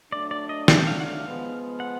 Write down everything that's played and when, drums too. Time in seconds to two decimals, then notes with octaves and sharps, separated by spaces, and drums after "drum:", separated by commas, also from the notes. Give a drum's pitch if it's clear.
0.12 F#3 A3 D4 D5
0.31 D5
0.49 D#5
0.68 E5, drum: snare
0.87 F5
1.00 F#5
1.06 F5
1.25 F3 G#3 B3
1.80 F#5